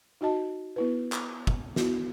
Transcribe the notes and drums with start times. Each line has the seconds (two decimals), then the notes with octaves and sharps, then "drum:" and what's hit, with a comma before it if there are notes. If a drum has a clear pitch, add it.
0.21 D#4 F#4 D#5 A5
0.76 B3 E4 B4
1.12 drum: clap
1.47 drum: kick
1.76 B3 E4 F#4, drum: snare